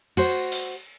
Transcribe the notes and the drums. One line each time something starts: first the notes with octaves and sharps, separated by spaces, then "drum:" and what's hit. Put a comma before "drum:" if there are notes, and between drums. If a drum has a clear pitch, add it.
F#4 C5, drum: cymbal
drum: open hi-hat